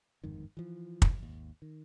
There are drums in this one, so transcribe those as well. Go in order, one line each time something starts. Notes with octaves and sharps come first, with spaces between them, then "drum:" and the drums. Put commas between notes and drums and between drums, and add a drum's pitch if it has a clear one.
G1 F2 G#2 D#3
E3 F3
drum: kick
G#1 D#2
D#3